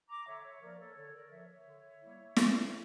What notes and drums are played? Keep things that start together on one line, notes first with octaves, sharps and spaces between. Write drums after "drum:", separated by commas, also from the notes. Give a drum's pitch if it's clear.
A#5 D6
D3 C#5 E5
C#5 E5
F3 A#3 A#4 D5
A4 C#5
D3 A4 C#5
A#4 D5
D5
F3 A#3 C#5 E5
C#5 E5
D3
G3 A#3 E4
D3, drum: snare